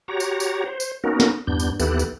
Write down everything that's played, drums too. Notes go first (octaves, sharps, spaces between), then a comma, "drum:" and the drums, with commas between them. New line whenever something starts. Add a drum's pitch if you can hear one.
F#4 G4 C#5 A#5
drum: tambourine
drum: tambourine
C5
drum: tambourine
A#3 B3 C#4 D#4 F#4 A#4
drum: snare
E2 G2 B3 D4 G6
drum: tambourine
D#2 E3 B3 G4 A4 F#6, drum: tambourine
drum: tambourine